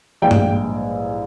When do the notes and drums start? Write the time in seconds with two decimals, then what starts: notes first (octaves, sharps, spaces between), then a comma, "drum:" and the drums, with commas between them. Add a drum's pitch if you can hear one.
0.22 A#1 G#2 E3 G3 G5
0.31 drum: tom G2